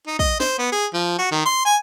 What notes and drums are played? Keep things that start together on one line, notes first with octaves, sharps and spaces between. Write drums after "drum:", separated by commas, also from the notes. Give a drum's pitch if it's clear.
D#4
D#5, drum: kick
C5, drum: snare
B3
G#4
F3
F#4
D#3
C6
G#5